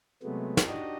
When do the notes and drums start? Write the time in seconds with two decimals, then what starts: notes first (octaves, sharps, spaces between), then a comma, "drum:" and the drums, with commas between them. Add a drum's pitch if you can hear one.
0.23 C3 F#3 G#3 A3 B3
0.57 drum: snare
0.67 D4 D#4 F#4 G4 D#5